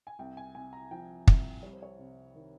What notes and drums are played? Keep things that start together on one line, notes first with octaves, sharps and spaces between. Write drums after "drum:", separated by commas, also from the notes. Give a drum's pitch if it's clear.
G#5
C2 G5
G#5
C3 G#5
A#5
F3 G5
C2, drum: kick
G3 C#5
C5
C#5
C3
D#3